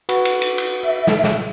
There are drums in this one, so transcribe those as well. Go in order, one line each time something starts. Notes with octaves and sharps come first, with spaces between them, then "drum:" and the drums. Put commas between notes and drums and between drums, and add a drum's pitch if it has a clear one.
F#4 B4, drum: cymbal
drum: cymbal
drum: cymbal
drum: cymbal
E5
drum: snare
drum: snare